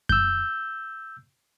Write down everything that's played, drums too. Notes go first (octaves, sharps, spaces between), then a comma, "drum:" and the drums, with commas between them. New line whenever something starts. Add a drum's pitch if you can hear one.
E6 G6, drum: kick F#2